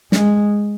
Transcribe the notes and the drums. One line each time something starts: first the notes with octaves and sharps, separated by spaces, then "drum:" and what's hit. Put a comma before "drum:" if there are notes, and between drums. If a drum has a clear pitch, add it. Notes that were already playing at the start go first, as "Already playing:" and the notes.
G#3, drum: snare